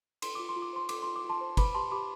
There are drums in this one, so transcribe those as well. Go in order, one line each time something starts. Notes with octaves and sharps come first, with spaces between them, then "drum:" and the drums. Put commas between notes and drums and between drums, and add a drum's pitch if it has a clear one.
A4 C6, drum: cymbal
F4 D6
C6
F4
D6
C5 C6
A4 D6, drum: cymbal
F4 C6
D6
F4
A5 C6
C5
B4 B5 D6, drum: kick, cymbal
G4 A5 C6
G4 B5 D6